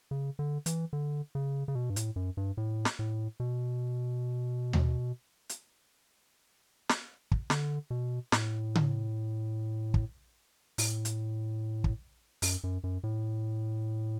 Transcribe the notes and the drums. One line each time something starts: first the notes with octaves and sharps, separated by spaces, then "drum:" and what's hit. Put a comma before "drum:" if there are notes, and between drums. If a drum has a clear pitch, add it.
C#3
D3
E3, drum: hi-hat
D3
C#3
C#3
B2
G2
A2, drum: hi-hat
F#2
G2
A2
drum: snare
A2
B2
drum: tom D#2
drum: hi-hat
drum: snare
drum: kick
D3, drum: snare
B2
A2, drum: snare
drum: tom C#3
drum: kick
A2, drum: open hi-hat
drum: hi-hat
drum: kick
F#2, drum: open hi-hat
F#2
F#2
A2